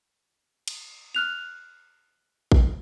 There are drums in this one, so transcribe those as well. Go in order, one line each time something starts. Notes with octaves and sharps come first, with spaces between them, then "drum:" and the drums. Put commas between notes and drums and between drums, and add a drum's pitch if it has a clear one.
drum: cymbal
F6 F#6 F7
drum: kick A1